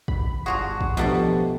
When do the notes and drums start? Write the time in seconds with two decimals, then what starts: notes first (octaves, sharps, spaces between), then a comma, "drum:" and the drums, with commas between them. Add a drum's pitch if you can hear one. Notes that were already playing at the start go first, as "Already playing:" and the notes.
0.08 B5, drum: kick
0.46 G1 D4 F4 F#4 G#4
0.81 drum: kick
0.97 B2 F3 A3 B3 D4 G4 F#5 A5